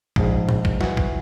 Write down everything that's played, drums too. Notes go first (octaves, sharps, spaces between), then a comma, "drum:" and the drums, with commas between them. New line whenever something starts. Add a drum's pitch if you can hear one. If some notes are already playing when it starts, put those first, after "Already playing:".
A#1 G#2, drum: kick
drum: tom A2
drum: kick
E3 F#4, drum: snare
drum: kick